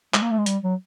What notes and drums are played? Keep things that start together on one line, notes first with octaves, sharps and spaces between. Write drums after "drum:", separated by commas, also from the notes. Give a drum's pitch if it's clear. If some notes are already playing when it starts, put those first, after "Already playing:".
G#3, drum: clap
A#3
A3
G#3
G3, drum: hi-hat
F#3